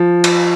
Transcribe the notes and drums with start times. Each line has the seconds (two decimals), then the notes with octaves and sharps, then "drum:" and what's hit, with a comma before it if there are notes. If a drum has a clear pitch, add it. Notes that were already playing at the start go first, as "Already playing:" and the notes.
Already playing: F3
0.24 drum: cymbal